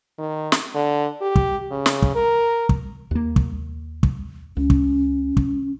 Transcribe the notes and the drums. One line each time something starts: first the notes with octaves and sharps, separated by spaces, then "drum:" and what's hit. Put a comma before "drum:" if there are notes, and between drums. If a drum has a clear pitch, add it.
D#3
drum: snare
D3
G4
drum: kick
C#3
drum: snare
drum: kick
A#4
drum: kick
D#2 A#3
drum: kick
drum: kick
C#2 C#4
drum: kick
drum: kick